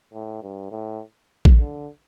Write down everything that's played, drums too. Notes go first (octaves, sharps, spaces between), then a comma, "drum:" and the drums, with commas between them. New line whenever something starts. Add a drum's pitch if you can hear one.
A2
G2
A2
drum: kick A1
D3